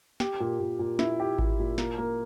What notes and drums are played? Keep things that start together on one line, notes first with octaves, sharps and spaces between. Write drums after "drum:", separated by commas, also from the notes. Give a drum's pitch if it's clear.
G4, drum: snare
A#2
A#2
A#2
E4, drum: snare
G4
G4, drum: kick G#1
A#2
A#3, drum: snare
A#3